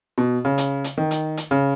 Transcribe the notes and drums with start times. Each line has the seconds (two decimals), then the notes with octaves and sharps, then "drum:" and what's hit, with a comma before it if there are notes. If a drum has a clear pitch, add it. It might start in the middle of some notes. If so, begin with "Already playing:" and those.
0.18 B2
0.45 C#3
0.58 drum: hi-hat
0.84 drum: hi-hat
0.97 D#3
1.11 drum: hi-hat
1.37 drum: hi-hat
1.51 C#3